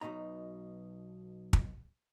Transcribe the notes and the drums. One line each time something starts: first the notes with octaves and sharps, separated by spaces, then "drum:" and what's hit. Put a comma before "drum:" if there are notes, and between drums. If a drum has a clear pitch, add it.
B1 F#2 B2 D#4 A#5
drum: kick